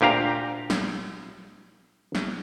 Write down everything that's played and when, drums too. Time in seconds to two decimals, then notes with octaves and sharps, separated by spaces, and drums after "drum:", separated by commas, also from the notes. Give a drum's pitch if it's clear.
0.01 D2 A#2 G4 F5 A#5
0.70 drum: snare
2.15 drum: snare